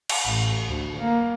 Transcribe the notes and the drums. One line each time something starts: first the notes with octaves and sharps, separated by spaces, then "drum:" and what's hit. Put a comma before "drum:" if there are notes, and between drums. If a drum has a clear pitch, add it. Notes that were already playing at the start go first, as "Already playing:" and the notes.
drum: cymbal
A1
D2
A#3